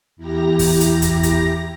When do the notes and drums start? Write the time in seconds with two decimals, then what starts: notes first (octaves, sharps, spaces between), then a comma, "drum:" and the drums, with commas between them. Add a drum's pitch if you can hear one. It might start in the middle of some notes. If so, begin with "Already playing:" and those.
0.16 E2 E4 G4 A#5 A#6
0.59 drum: kick, open hi-hat
0.80 drum: hi-hat
1.02 drum: kick, hi-hat
1.23 drum: kick, hi-hat